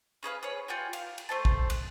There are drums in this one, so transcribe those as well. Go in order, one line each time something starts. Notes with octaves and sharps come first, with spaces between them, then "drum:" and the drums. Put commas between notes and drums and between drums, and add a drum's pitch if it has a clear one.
C#4 G#4 B4 F5
G#4 B4 C#5
F4 G4 F#5 G#5
F5, drum: cymbal
drum: cymbal
A3 C5 A5
drum: kick
F#6, drum: cymbal